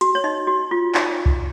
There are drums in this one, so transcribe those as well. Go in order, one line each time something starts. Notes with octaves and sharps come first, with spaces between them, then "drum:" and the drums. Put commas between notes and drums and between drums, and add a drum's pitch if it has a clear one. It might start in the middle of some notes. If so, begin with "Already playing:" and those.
F#4, drum: hi-hat
C#5
D#4 D#5
F#4
F4
D#4, drum: clap
drum: kick C2